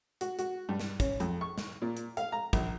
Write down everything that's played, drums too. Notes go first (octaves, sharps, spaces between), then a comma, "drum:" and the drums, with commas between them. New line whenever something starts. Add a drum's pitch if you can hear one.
F#4, drum: hi-hat
F#4, drum: hi-hat
G2
drum: snare
C#4, drum: kick, hi-hat
F2, drum: hi-hat
C#6
drum: snare
A#2
drum: hi-hat
F5, drum: hi-hat
A#5
A#1, drum: kick, hi-hat